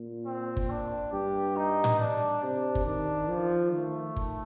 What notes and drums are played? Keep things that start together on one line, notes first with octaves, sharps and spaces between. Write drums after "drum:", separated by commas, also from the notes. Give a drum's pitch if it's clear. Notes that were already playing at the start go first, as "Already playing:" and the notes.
Already playing: A#2
C4
drum: kick
D4
G2 G4
D#4
drum: tom A2
D4
C3 D4
drum: kick
D#3 D4
F3
D#3 A3
drum: kick